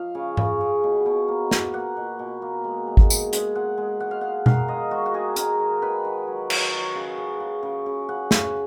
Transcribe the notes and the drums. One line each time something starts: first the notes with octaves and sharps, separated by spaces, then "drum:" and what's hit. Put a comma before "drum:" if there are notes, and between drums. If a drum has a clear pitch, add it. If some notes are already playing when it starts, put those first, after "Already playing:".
Already playing: F3 D#5 F5
C#3
C#3, drum: tom
C#3
B2
B2
A#3
A#3, drum: snare
A#3 F#5
B2
B2
A#3
G#3
G#3
drum: kick G#1
G#3, drum: tambourine
G#3, drum: hi-hat
G#3 F#5
G#3
G#3 F#5
F5
G#3 F#5
D#3 F5, drum: tom B2
G#3 D#5
G#3 F#4
F#4
D#3 G#4
G#3 A#4, drum: hi-hat
D#3
D#3 B4
D#3
F#3
F#3, drum: cymbal
F#3
C#3
C#3
C#3
C#3
C#3
C#3 F#5
C#3, drum: snare